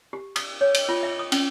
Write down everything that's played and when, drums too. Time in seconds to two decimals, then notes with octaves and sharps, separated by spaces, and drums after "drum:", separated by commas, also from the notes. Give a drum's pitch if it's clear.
0.13 G4
0.36 D#6, drum: cymbal
0.61 C#5
0.74 drum: cymbal
0.89 F4
1.03 E5
1.19 D#6
1.32 C#4, drum: cymbal